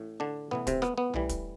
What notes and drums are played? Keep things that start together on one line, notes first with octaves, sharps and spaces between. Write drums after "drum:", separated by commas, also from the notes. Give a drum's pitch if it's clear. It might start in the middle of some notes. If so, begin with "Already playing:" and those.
Already playing: A1 A2
D3 D4
A1 A2 E3 B3, drum: tom B2
C3 C4, drum: kick, hi-hat
B3, drum: rim click
B3
A1 A2 E3 G3, drum: tom B1
drum: kick, hi-hat